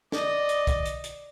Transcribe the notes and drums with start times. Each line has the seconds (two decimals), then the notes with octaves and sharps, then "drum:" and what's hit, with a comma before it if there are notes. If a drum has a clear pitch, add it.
0.12 D5 D#5, drum: snare
0.49 drum: hi-hat
0.67 drum: kick, hi-hat
0.86 drum: hi-hat
1.04 drum: hi-hat